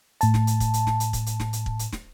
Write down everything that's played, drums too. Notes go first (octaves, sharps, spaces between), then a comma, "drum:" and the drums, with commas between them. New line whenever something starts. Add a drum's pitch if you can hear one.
A2 A5, drum: hi-hat
drum: snare
drum: hi-hat
drum: kick, hi-hat
drum: hi-hat
drum: snare
drum: hi-hat
drum: kick, hi-hat
drum: hi-hat
drum: snare
drum: hi-hat
drum: kick
drum: hi-hat
drum: snare